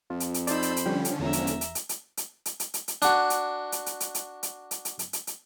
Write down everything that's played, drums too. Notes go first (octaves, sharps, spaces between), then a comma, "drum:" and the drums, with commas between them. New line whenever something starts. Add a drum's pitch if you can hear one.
F2 F4
drum: hi-hat
drum: hi-hat
D#4 C5 D5 A5 B5 E6 G6, drum: hi-hat
drum: hi-hat
drum: hi-hat
D3 F3 G3 C#4 G5
drum: hi-hat
E1 E2 E5 A#5
drum: hi-hat
drum: hi-hat
drum: hi-hat
drum: hi-hat
drum: hi-hat
drum: hi-hat
drum: hi-hat
drum: hi-hat
drum: hi-hat
drum: hi-hat
D4 F#4, drum: hi-hat
drum: hi-hat
drum: hi-hat
drum: hi-hat
drum: hi-hat
drum: hi-hat
drum: hi-hat
drum: hi-hat
drum: hi-hat
drum: hi-hat
drum: hi-hat
drum: hi-hat